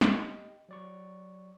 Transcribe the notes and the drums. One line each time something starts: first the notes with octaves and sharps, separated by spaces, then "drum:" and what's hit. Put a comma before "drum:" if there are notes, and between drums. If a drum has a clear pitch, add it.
G4 D#5 G5, drum: snare
F#3 D5 C#6